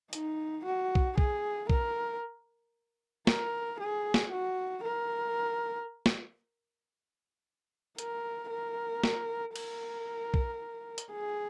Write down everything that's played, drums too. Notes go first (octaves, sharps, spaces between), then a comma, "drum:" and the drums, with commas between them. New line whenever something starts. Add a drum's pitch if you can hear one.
D#4, drum: hi-hat
F#4
drum: kick
G#4, drum: kick
A#4, drum: kick
A#4, drum: snare
G#4
drum: snare
F#4
A#4
drum: snare
A#4, drum: hi-hat
A#4
drum: snare
A#4, drum: cymbal
drum: kick
drum: hi-hat
G#4